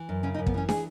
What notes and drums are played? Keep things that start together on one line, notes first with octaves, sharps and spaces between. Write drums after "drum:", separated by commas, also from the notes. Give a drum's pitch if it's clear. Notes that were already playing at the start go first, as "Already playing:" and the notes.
Already playing: E3
F#2
C#3 C#4
D#4
F#2
B3, drum: kick
E3 C#4
G#4, drum: snare